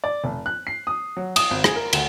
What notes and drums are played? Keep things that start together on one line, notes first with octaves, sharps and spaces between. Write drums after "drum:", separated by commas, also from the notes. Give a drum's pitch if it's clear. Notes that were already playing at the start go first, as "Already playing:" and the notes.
D5
F1
F#6
C7
D#6
F#3
D#6, drum: cymbal
G#1
G#4, drum: rim click
A#4
D2, drum: cymbal